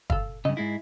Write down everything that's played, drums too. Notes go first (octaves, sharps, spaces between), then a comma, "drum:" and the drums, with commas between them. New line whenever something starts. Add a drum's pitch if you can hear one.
A4 F5, drum: kick
G2 C#3 D#5
G#2 G#3 E4